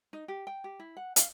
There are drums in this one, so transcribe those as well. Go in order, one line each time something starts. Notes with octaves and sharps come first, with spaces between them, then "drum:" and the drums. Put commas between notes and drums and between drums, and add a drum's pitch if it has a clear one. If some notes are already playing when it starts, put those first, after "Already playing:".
D#4
G4
G5
G4
E4
F#5
F5, drum: hi-hat